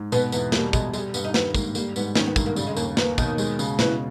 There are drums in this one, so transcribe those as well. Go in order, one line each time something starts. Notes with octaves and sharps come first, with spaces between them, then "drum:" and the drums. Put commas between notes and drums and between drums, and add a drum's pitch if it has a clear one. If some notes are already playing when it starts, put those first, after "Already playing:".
Already playing: G#2
B2 B3, drum: tambourine
E2 B3, drum: tambourine
G3 A#3, drum: snare
B2 G#3, drum: kick, tambourine
G3 G#3, drum: tambourine
G2 B3, drum: tambourine
D#4
D#3 B3, drum: snare
G#2 A#3, drum: kick, tambourine
G3 A#3, drum: tambourine
G#2 B3, drum: tambourine
D#3 C#4, drum: snare
B3
G2 A#3, drum: kick, tambourine
A#3
C#3 G3, drum: tambourine
G#3
D#2 A#3, drum: tambourine
A#3 B3, drum: snare
B2 D#3, drum: kick, tambourine
G#3, drum: tambourine
C#3, drum: tambourine
B2 E3, drum: snare